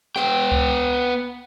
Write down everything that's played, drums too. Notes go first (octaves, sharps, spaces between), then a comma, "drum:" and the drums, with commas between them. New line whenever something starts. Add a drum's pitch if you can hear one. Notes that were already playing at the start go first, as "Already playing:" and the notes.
B3 G5, drum: rim click
drum: kick C#2